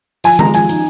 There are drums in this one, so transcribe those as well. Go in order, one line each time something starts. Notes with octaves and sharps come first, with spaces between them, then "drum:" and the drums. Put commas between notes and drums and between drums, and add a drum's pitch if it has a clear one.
F3 G#5, drum: hi-hat
G#3 A#5, drum: tom D#3
F3 G#5, drum: hi-hat
D#4, drum: hi-hat